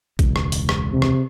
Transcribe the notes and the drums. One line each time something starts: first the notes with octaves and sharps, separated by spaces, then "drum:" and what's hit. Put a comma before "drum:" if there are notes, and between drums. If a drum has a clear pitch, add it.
E1 C#2, drum: kick A#1, hi-hat
drum: rim click
drum: open hi-hat
drum: rim click
C3
drum: rim click